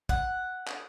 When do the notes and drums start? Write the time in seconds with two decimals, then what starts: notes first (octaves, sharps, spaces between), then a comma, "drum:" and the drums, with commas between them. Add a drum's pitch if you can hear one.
0.09 F#5, drum: kick
0.67 drum: clap